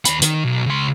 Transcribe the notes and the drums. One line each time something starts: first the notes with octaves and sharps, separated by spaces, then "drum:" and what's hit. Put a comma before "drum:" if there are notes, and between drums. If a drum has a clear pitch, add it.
D#2 B5, drum: hi-hat
D#3, drum: hi-hat
B1
C#2 C6